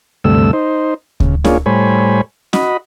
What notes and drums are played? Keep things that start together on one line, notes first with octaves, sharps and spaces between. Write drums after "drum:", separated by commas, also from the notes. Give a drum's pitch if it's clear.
D2 G2 C3 A3 E6
D#4 C5
C#3, drum: kick D2
A#3 D4 F4 G#4 C#5, drum: snare C#4
A2 G3 C5 C#5 G#5 B5
F#4 D#5 B5, drum: snare C#4